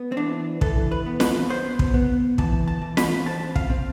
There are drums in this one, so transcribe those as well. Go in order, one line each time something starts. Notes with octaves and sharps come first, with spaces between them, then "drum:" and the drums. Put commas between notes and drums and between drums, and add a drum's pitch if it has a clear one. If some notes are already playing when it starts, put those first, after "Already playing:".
Already playing: B3
C4
E3 D4
E3 A4, drum: kick
B4
B3
B4, drum: snare
B3 C5
drum: kick
B3
E3 A5, drum: kick
A5
E3
B5, drum: snare
C4 A5
F5, drum: kick
C4